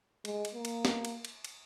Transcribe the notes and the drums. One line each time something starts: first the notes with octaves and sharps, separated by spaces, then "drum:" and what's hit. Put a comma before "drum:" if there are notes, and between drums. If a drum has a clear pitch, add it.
G#3, drum: cymbal
drum: cymbal
A#3
drum: cymbal
drum: snare
drum: cymbal
drum: cymbal
drum: cymbal